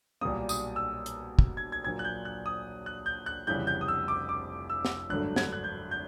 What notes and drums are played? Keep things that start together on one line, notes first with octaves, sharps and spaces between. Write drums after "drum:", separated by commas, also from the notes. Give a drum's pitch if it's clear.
B1 A#2 G3 A#3 D#6
D#6, drum: tambourine
E6
drum: hi-hat
drum: kick
G#6
G#6
A#1 A#2 F#3 G#6
F#6
G6
F#6
D#6
F#6
G6
F#6
F1 F2 C#3 E3 G3 G6
G6
D#6
E6
D6
D6
E6
drum: snare
G#1 G2 D3 F#3 A3 F#6
G#6, drum: snare
F#6
G6
G6